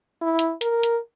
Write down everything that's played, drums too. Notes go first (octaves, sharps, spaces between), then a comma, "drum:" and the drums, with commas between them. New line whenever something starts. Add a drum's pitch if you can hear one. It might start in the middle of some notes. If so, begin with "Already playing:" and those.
E4
drum: hi-hat
A#4, drum: hi-hat
drum: hi-hat